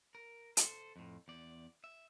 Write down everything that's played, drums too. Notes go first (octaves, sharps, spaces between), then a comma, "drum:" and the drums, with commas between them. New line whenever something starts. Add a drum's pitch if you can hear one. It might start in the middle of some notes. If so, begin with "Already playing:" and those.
A#4
A4 C5, drum: hi-hat
F2 A2
E2 D5
E5